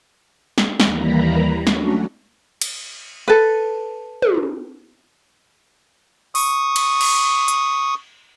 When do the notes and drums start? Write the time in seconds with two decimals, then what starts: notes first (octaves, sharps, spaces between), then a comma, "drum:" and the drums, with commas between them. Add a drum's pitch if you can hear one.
0.58 drum: snare
0.80 D#2 E3 G3 A#3 A#5 B5, drum: snare
1.67 F#3 A3 C#4 D4 F#4, drum: snare
2.61 drum: cymbal
3.28 A4 B4
4.22 drum: tom
6.35 C#6 D#6, drum: open hi-hat
6.76 drum: cymbal
7.01 drum: cymbal
7.48 drum: hi-hat